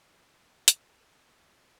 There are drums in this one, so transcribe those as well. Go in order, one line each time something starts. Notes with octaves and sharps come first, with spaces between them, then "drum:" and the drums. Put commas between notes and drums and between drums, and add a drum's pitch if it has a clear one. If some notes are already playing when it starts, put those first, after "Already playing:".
A#2 D3 D#3 C4 A4
E4
A2 E3 F#3 G#3, drum: hi-hat
F4 G4 A#4
A2 F3 F#3 A3 A#3 F#4
C5 D5 F#5 G#5 A#5